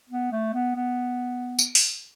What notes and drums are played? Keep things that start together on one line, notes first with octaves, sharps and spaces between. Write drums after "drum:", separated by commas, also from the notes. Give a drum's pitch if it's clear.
B3
A3
B3
B3
drum: tambourine
drum: open hi-hat